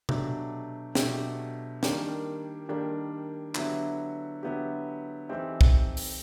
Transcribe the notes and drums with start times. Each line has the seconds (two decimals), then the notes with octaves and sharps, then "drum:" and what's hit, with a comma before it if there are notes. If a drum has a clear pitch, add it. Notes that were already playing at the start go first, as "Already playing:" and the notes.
0.09 B2 F#3 A3 D4 G4, drum: tom
0.95 B2 F#3 A3 D4 G4, drum: snare
1.83 D#3 G3 A#3 D4, drum: snare
2.69 D#3 G3 A#3 D4
3.55 D3 F#3 B3 E4 G4, drum: clap
4.43 D3 F#3 B3 E4 G4
5.29 E3 A3 C4 D#4 G4
5.61 drum: kick B1
5.97 drum: open hi-hat